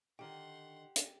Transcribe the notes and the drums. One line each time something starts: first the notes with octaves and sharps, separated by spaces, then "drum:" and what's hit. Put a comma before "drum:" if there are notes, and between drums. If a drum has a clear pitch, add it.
D3 D#3 G4 F#5 G5 C6
drum: hi-hat